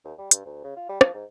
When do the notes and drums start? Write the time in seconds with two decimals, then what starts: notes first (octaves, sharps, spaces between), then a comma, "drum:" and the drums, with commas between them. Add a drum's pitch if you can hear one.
0.04 D#2
0.18 G3
0.31 G2, drum: hi-hat
0.46 D2
0.64 C#3
0.76 F4
0.89 G3
1.01 F3, drum: rim click
1.14 G#2